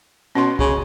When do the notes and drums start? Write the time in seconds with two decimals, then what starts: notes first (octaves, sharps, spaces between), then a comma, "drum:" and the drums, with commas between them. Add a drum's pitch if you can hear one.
0.35 B2 C#4 C6
0.59 C#3, drum: kick